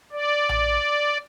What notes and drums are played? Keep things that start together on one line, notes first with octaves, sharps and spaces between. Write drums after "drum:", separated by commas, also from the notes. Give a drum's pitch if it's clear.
D5
drum: tom A#1